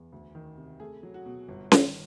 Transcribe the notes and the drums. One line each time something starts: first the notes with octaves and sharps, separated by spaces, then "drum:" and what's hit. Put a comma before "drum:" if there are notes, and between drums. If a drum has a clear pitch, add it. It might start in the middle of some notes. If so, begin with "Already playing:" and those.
Already playing: E2
D2
D#3
C3
A3 G#4
F#3
F#4
B2
G1
D#3, drum: snare C#4